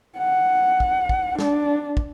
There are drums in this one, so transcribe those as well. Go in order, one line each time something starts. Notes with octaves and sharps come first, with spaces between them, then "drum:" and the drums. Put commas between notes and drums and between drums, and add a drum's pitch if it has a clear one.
F#5
drum: kick
drum: kick
D4, drum: snare
drum: kick